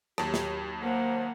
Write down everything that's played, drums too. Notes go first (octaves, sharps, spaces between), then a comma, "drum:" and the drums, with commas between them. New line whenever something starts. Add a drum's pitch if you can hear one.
D#2 F#3 G4 A5, drum: rim click
drum: snare
A#3 C5 F#5